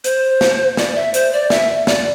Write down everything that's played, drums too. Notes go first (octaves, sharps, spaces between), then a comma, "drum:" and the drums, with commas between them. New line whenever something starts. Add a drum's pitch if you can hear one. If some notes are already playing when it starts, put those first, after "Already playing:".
C5, drum: hi-hat
drum: snare
D5, drum: snare
E5
C5, drum: hi-hat
D5
E5, drum: snare
D5, drum: snare